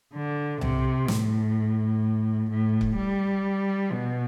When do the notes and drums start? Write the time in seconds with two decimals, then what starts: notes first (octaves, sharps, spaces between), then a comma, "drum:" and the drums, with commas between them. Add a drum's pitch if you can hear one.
0.14 D3
0.61 C3, drum: tom C2
1.08 A2, drum: snare
2.50 A2
2.81 drum: kick C#1
2.97 G3
3.92 B2